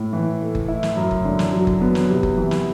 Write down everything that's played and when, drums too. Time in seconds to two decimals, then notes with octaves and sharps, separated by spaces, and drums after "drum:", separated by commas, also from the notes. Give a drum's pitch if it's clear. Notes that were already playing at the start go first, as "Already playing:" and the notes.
Already playing: A2
0.13 E3
0.41 A3
0.55 drum: kick F#1
0.68 E4
0.83 drum: snare
0.96 F#2
1.11 drum: kick F#1
1.25 D3
1.39 drum: snare
1.53 F#3
1.67 drum: kick F#1
1.81 B3
1.95 drum: snare
2.09 C3
2.23 drum: kick F#1
2.37 E3
2.51 drum: snare